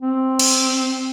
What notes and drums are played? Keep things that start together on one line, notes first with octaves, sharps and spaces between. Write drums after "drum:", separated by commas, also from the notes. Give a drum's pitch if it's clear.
C4
drum: cymbal